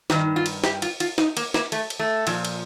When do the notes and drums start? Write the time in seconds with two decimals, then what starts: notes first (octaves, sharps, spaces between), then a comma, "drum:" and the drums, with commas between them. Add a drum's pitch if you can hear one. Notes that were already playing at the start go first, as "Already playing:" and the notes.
0.10 G2 D#3 D#4, drum: snare
0.36 F4
0.46 drum: cymbal
0.64 G4, drum: snare
0.82 F4, drum: cymbal
1.00 F4, drum: cymbal
1.18 D#4, drum: snare
1.37 A#3, drum: cymbal
1.54 A#3, drum: snare
1.72 A3, drum: cymbal
1.90 drum: cymbal
1.99 A3
2.27 A#2 F3, drum: cymbal
2.45 drum: cymbal